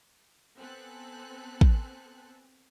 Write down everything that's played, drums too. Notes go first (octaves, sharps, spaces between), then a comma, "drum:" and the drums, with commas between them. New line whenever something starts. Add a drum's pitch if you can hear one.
B3 C4 A4 G#5 F#6
drum: kick A1